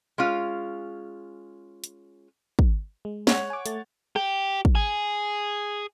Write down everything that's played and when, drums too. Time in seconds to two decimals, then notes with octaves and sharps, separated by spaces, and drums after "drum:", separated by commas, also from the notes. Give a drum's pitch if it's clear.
0.18 G#3 C#4 F4
1.84 drum: hi-hat
2.59 drum: kick
3.05 G#3
3.27 C#5 F#5, drum: snare
3.50 G#5 D6
3.66 A3 A6, drum: hi-hat
4.16 G4, drum: rim click
4.65 drum: kick
4.75 G#4